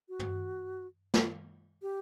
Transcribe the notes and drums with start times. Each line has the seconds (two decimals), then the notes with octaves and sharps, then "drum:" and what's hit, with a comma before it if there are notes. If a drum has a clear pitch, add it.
0.09 F#4
0.19 drum: tom
1.14 drum: snare
1.82 G4